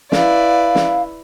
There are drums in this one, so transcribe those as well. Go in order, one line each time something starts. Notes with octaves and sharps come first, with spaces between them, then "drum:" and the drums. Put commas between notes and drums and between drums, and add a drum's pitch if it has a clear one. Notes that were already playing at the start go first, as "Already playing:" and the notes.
E4 B4 D5 F5, drum: snare
drum: snare